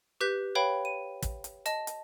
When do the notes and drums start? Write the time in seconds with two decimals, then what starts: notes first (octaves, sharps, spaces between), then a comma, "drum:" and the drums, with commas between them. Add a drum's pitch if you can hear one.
0.21 G4 B4 F#6 G6 B6
0.55 B4 C#5 F5 G5 B5
0.85 D#7
1.22 drum: kick, hi-hat
1.44 drum: hi-hat
1.66 D#5 A5, drum: hi-hat
1.87 drum: hi-hat